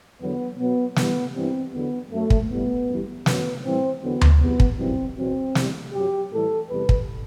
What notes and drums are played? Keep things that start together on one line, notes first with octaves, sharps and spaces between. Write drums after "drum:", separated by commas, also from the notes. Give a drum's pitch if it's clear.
E2 D3 F#3 B3
B2 F#3 B3
G2 E3 G3 B3, drum: snare
G2 E3 G3 C4
E2 D3 F#3 B3
F#2 F#3 A3
drum: kick
A2 G3 B3
F#2 E3 G3
F#2 F#3 B3, drum: snare
A2 E3 G3 C4
E2 D3 F#3 B3
drum: tom D2
E2 C3 F#3 B3
drum: kick
F#2 E3 G3 C4
E2 B2 F#3 C4
E2 C3 G3, drum: snare
F#2 F#3 G4
A2 E3 G3 A4
E2 C3 G3 B4
drum: kick